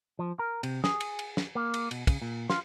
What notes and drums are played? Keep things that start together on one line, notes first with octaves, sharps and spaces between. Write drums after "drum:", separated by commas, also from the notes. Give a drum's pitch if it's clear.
F3
A#4
C3, drum: cymbal
G#4, drum: snare
drum: cymbal
drum: cymbal
drum: snare
A#3
drum: cymbal
B2, drum: cymbal
C#3, drum: kick, cymbal
A#2
F4, drum: snare